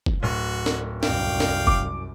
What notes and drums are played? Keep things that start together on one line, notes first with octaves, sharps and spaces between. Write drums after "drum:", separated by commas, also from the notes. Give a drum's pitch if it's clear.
drum: kick
D1 F#4
drum: snare
C2 F#2 D5 F5 G5, drum: snare
drum: snare
D6, drum: kick